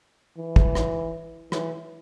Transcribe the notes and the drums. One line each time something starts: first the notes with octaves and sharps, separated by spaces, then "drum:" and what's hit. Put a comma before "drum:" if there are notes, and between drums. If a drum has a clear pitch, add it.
E3
drum: kick
drum: rim click
E3, drum: rim click